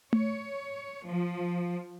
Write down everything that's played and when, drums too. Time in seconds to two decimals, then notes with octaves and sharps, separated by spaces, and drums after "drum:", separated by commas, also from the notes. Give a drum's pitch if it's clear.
0.13 C#5, drum: tom A3
1.06 F3